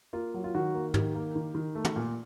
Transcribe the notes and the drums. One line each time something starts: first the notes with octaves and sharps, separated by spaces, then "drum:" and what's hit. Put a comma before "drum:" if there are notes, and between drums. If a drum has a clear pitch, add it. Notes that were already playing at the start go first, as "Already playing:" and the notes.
A#3 F4
F#3
F4
D#3 F#4
A#3
D#3 G4, drum: tom
A#3
D#3
D#3
A3
drum: tom
A#2